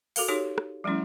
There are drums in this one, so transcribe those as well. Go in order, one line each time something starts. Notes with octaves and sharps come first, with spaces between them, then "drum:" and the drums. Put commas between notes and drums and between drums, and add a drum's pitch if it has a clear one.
F#4 A4 A#4 F5, drum: open hi-hat
D#4 F#4 G4 A4 C#5
drum: rim click
F3 G3 A3 C#4 E4